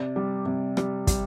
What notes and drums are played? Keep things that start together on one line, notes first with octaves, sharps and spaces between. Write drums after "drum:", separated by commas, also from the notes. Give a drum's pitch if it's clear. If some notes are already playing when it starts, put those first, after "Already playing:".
Already playing: C3 D5
G3
C3
G3, drum: rim click
G3, drum: kick, hi-hat